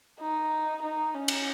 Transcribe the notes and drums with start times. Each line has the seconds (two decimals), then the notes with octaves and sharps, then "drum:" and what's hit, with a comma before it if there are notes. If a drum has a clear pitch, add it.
0.21 D#4
0.83 D#4
1.14 C#4
1.28 drum: cymbal